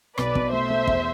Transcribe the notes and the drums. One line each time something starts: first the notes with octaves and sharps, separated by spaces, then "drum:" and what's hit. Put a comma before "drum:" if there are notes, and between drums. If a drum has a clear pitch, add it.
B1 B4 D5, drum: rim click
B2, drum: kick
A3 C5 E5
A3
E2, drum: kick